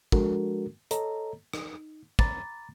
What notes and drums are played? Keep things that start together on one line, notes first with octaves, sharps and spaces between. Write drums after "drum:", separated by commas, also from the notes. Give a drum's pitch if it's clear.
F3 G#3 D4 F#4 A4 A#4, drum: kick
A4 C#5 D#5 A#5, drum: hi-hat
D#4, drum: rim click
A#5 B5 D6 A6, drum: kick